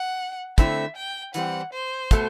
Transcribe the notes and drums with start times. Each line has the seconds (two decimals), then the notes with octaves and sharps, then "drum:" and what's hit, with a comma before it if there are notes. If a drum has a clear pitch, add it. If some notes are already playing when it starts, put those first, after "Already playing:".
Already playing: F#5
0.58 D3 A3 C4 E4 E5, drum: kick, hi-hat
0.96 G5
1.34 E3 G3 C4 F#5, drum: hi-hat
1.73 C5
2.11 B2 A3, drum: kick, hi-hat